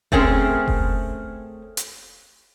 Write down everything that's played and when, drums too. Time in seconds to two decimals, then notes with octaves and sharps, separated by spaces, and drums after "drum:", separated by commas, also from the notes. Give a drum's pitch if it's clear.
0.12 A3 C4 C#4 G#4 A#4, drum: kick F1
0.68 drum: kick F1
1.77 drum: hi-hat